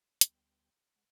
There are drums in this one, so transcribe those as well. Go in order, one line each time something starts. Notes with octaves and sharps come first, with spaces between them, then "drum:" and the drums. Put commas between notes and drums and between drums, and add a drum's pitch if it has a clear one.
D2 G3 B3 G5 C6, drum: hi-hat
G#3 F#5